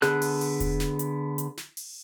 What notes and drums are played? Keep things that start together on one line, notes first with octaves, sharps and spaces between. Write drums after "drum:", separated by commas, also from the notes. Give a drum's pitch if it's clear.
D3 B3 G#4 A4 F#6, drum: snare
drum: open hi-hat
drum: open hi-hat
drum: kick E1, hi-hat
drum: snare
drum: hi-hat
drum: hi-hat
drum: snare
drum: open hi-hat